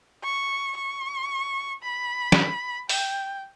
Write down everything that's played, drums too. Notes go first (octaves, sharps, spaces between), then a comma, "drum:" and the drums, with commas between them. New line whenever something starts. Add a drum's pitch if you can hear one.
C#6
C#6
B5
drum: snare
G5, drum: open hi-hat